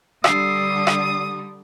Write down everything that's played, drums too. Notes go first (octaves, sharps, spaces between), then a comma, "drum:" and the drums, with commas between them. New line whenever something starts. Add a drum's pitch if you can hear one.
D3 G3 D#6 E6 C7, drum: rim click
drum: rim click